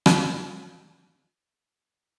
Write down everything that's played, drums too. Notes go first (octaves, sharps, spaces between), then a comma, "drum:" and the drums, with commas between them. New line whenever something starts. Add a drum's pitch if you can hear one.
drum: rim click
G#2 B4
D#3 F#3
G#4
G#2 A4
C#5
C#5
D#3 F#3 B4
A4
B4
A4